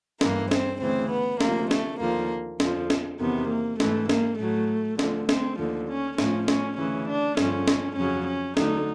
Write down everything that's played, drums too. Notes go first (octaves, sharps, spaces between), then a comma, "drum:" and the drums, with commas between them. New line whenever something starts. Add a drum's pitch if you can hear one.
G2 E3 A#3, drum: snare
C4, drum: snare
D2 C#3 E3 C4
B3
D2 C3 F3 A#3, drum: snare
A3, drum: snare
D#2 D3 F3 A#3
F2 D3 F3, drum: snare
drum: snare
E2 C3 D#3 B3
A#3
G#2 E3 A3, drum: snare
A#3, drum: snare
A2 F#3 A3
D2 D3 F3, drum: snare
C4, drum: snare
D#2 D3 F3
C#4
A2 F3 C#4, drum: snare
C#4, drum: snare
D2 C#3 E3 C#4
D4
G2 D3 F3 C#4, drum: snare
drum: snare
F2 C#3 F#3 C#4
C#4
D2 D3 F#3 D#4, drum: snare